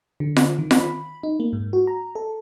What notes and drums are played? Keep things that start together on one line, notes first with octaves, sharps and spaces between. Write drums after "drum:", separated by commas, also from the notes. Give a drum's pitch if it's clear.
D3
drum: snare F4
D#3
drum: snare F4
B5
D#4
A#3
G#2
F#4
A#5
A4